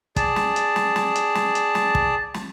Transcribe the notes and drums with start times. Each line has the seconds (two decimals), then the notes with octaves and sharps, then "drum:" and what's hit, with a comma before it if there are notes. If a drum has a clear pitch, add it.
0.16 G#4 D5 A5, drum: kick, hi-hat
0.36 drum: snare
0.56 drum: hi-hat
0.76 drum: snare
0.96 drum: snare
1.15 drum: hi-hat
1.35 drum: snare
1.55 drum: hi-hat
1.75 drum: snare
1.95 drum: kick
2.34 drum: snare